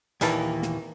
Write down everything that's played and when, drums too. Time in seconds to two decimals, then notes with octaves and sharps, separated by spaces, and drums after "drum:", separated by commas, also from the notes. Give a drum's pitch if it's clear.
0.21 D#2 A#2 E3 A#3 A5, drum: hi-hat
0.62 drum: snare